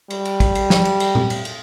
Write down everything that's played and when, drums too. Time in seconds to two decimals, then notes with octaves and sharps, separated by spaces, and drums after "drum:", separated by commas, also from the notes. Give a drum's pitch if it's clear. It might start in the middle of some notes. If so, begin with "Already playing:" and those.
0.10 G3, drum: cymbal
0.25 drum: cymbal
0.40 drum: kick, cymbal
0.55 drum: cymbal
0.70 drum: snare
0.85 drum: cymbal
1.00 drum: cymbal
1.15 drum: tom A#2
1.30 drum: cymbal
1.45 drum: cymbal